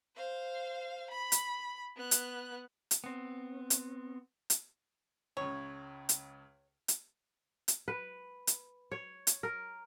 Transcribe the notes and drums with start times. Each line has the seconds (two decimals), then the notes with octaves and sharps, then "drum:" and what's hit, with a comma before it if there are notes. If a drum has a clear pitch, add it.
0.16 C5 F5
1.11 B5
1.32 drum: hi-hat
1.96 B3 F#6
2.11 drum: hi-hat
2.91 drum: hi-hat
3.04 B3 C4
3.70 drum: hi-hat
4.50 drum: hi-hat
5.37 C#2 C#3 C#5
6.09 drum: hi-hat
6.88 drum: hi-hat
7.68 drum: hi-hat
7.88 B4
8.47 drum: hi-hat
8.91 C#5
9.27 drum: hi-hat
9.43 A#4